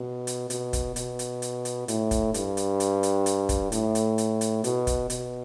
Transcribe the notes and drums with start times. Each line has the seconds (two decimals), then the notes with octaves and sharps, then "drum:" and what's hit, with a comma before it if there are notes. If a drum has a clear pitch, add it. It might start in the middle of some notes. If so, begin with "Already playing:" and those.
Already playing: B2
0.27 drum: hi-hat
0.50 B2, drum: hi-hat
0.73 drum: kick, hi-hat
0.96 B2, drum: hi-hat
1.19 drum: hi-hat
1.42 drum: hi-hat
1.65 drum: hi-hat
1.88 A2, drum: hi-hat
2.11 drum: kick, hi-hat
2.34 G2, drum: hi-hat
2.57 drum: hi-hat
2.80 drum: hi-hat
3.03 drum: hi-hat
3.26 drum: hi-hat
3.49 drum: kick, hi-hat
3.72 A2, drum: hi-hat
3.95 drum: hi-hat
4.18 drum: hi-hat
4.41 drum: hi-hat
4.64 B2, drum: hi-hat
4.87 drum: kick, hi-hat
5.10 B2, drum: hi-hat